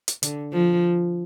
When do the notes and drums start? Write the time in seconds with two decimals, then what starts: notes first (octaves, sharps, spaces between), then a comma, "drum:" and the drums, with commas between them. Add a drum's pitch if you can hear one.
0.08 drum: hi-hat
0.23 D3, drum: hi-hat
0.53 F3